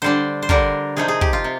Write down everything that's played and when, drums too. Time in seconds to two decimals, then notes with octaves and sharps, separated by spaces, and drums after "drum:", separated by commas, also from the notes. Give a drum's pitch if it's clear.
0.02 D3 G3 D4 C5
0.42 C5
0.49 D3 G3 D4 A#4, drum: kick
0.97 C3 F3 C4 D#4 G#4
1.08 G#4
1.21 G4, drum: kick
1.33 F4
1.44 C3